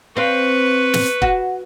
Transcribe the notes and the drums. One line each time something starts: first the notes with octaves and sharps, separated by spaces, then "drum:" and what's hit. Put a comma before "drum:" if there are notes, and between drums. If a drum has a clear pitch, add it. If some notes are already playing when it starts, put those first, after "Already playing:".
C4 B4 F5 C#6
drum: snare
F#4, drum: kick